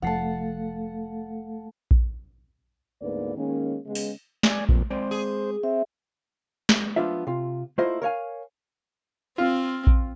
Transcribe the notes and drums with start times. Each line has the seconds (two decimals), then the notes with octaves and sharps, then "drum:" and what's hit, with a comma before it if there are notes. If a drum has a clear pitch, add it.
0.02 F1 F2 F3 A3 A4 F5 F#5 A5
1.91 drum: kick A#1
3.02 D2 G#2 A#3 B3 B4 D5
3.37 D#3 G#3 A#3 C#4
3.86 C#3 G#3 B3
3.95 drum: open hi-hat
4.43 D5 G#5, drum: snare
4.69 F2 A#2, drum: kick A#1
4.90 G#3 C4 C5 D5
5.11 G#4
5.63 C4 E5
6.69 drum: snare
6.96 F3 B3 D4 F4 E5
7.27 C3 F4
7.78 A3 A#3 E4 F4 C5 D#5
8.02 A#4 C#5 F5 G#5
9.38 C4 F4
9.87 drum: kick A#1